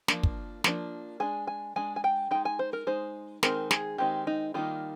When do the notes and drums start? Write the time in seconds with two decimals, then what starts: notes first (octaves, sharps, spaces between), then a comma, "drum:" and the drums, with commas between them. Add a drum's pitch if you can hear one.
0.08 F3 A#3 D4, drum: snare
0.23 drum: kick
0.64 F3 A#3 D4, drum: snare
1.20 G#3 D4 G#5
1.47 G#5
1.76 G#3 D4 G#5
1.96 G#5
2.04 G5
2.31 G#3 D#4 G5
2.45 G#5
2.59 C5
2.73 A#4
2.87 G#3 D#4 C5
3.43 D#3 G#3 C4 D#4 A#4, drum: snare
3.71 G#4, drum: snare
3.98 D#3 G#3 C4 D#4 G4
4.27 D#4
4.54 D#3 G3 A#3 D#4 F4